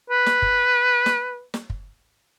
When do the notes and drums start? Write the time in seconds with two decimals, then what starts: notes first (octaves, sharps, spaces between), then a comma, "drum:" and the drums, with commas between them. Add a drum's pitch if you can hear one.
0.10 B4
0.26 drum: snare
0.42 drum: kick
1.06 drum: snare
1.54 drum: snare
1.70 drum: kick